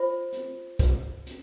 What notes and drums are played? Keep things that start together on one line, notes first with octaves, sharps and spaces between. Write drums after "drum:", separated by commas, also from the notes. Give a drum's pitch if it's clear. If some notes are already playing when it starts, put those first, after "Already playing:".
Already playing: F4 C5
drum: hi-hat
drum: kick, hi-hat
drum: hi-hat